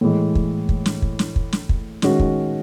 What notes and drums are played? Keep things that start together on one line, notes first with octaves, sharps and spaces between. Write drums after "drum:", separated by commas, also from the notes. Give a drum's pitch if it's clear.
A2 E3 G#3
drum: kick
drum: kick
drum: snare
drum: kick
drum: snare
drum: kick
drum: snare
drum: kick
D#3 G#3 C#4 F#4, drum: snare
drum: kick